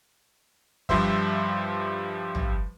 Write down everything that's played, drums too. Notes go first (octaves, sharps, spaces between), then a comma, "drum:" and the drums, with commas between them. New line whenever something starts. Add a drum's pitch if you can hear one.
G2 F3 G3 C5 E5, drum: kick
drum: tom